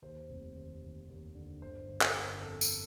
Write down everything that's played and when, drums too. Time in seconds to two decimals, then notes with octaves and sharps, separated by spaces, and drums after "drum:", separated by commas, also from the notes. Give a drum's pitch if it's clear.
0.02 D#2 C5
0.29 F1
0.56 D#2
0.82 D#2
1.09 D#2
1.35 D3
1.62 G1 C5
1.89 G1
2.01 A#4, drum: clap
2.15 G1
2.41 F2 A4
2.61 drum: tambourine